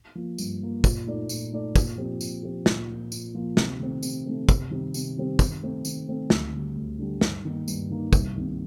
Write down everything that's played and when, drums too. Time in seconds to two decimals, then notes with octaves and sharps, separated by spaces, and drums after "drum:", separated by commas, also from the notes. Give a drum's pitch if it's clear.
0.15 F3 A#3
0.38 G2, drum: tambourine
0.62 F3 A#3
0.84 A#2, drum: kick, tambourine
1.06 A3 D#4 A4 D5
1.29 A#2, drum: tambourine
1.52 A3 D#4 A4 D5
1.76 A#2, drum: kick, tambourine
1.98 F3 C4 G4
2.21 A#2, drum: tambourine
2.43 F3 C4 G4
2.66 A#2, drum: snare
2.88 F3 A#3
3.12 A#2, drum: tambourine
3.35 F3 A#3
3.57 C3, drum: snare
3.79 D#3 A3 C4
4.03 C3, drum: tambourine
4.26 D#3 A3 C4
4.49 C3, drum: kick, tambourine
4.71 D#3 G3 C4 G4
4.94 C3, drum: tambourine
5.16 D#3 G3 C4 G4
5.39 D#3, drum: kick, tambourine
5.62 A3 C4
5.85 D#3, drum: tambourine
6.08 A3 C4
6.30 D2, drum: snare
6.53 D3 G3
6.76 D2
6.99 D3 G3
7.21 G2, drum: snare
7.45 D#3 A#3 D#4
7.68 G2, drum: tambourine
7.90 D#3 A#3 D#4
8.13 C2, drum: kick, tambourine
8.35 C3 D#3 A#3